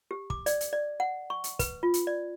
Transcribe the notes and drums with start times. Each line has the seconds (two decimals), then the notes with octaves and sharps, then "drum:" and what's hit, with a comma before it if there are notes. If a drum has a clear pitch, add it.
0.11 G4
0.30 D6, drum: kick
0.46 D5, drum: hi-hat
0.61 drum: hi-hat
0.73 D5
1.00 F#5
1.30 C#6
1.44 drum: hi-hat
1.59 B4, drum: kick, hi-hat
1.83 F4
1.94 drum: hi-hat
2.07 D5